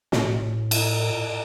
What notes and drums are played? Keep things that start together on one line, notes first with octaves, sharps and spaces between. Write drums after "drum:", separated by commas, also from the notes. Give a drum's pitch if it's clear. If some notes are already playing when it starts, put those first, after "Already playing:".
A2, drum: snare
drum: cymbal